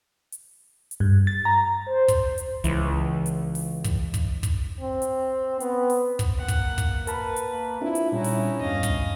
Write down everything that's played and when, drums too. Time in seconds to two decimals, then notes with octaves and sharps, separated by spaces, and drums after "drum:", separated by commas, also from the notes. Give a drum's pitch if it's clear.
0.32 drum: hi-hat
0.91 drum: hi-hat
1.00 G2
1.27 A6
1.45 A#5
1.86 C5
2.08 drum: kick, hi-hat
2.38 drum: hi-hat
2.64 C#2 E3, drum: hi-hat
3.26 drum: hi-hat
3.55 drum: open hi-hat
3.84 drum: kick, hi-hat
4.14 drum: kick, hi-hat
4.43 drum: kick, hi-hat
4.81 C4
5.02 drum: hi-hat
5.60 B3, drum: hi-hat
5.90 drum: open hi-hat
6.19 drum: kick, hi-hat
6.39 A#3 F#5
6.48 drum: kick, hi-hat
6.78 drum: kick, hi-hat
7.07 A#4 B4 A5 B5, drum: hi-hat
7.36 drum: hi-hat
7.50 A#3
7.81 C4 D4 E4 F4
7.95 drum: hi-hat
8.12 A#2 G3 C#4 D#4 E4 F#4
8.24 drum: open hi-hat
8.61 E2 G2 D#5 F5
8.83 drum: kick, hi-hat